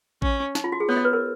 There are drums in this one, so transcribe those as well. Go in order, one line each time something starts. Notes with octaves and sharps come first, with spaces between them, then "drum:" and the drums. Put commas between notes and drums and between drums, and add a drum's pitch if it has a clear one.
C#4, drum: kick A1
D#4, drum: snare
F4
F#4
G#4
B3 C#5
D#5
B4
A#4